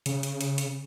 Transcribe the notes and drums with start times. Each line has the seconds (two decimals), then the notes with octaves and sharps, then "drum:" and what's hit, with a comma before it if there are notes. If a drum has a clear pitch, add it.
0.06 C#3, drum: hi-hat
0.23 drum: hi-hat
0.41 drum: hi-hat
0.58 drum: hi-hat